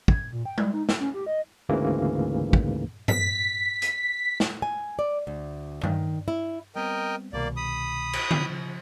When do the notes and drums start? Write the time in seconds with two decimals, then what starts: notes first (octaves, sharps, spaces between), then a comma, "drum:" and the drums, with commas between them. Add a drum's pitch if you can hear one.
0.08 G#6, drum: kick
0.32 A#2
0.45 G5
0.58 G3, drum: tom G#3
0.74 D#4
0.89 E6, drum: snare
1.00 C#4
1.14 G4
1.26 D#5
1.69 D2 G#2 C#3 E3 A#3
2.53 drum: kick
3.08 B6, drum: tom G2
3.82 drum: hi-hat
4.40 drum: snare
4.62 G#5
4.99 D5
5.27 D2
5.84 D#3, drum: tom G2
6.28 E4
6.76 G3 B3 C4 A#4 D#5 G5
7.33 C2 B2 D#3 A#3 D5
7.57 B5 D#6
8.13 drum: cymbal
8.31 C#3 F3, drum: tom D3